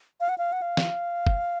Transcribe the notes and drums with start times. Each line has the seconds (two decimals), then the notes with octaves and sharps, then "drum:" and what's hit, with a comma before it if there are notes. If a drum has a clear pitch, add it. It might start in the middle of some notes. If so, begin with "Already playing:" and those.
0.20 F5
0.29 F#5
0.38 F5
0.52 F#5
0.62 F5
0.77 drum: snare
1.27 drum: kick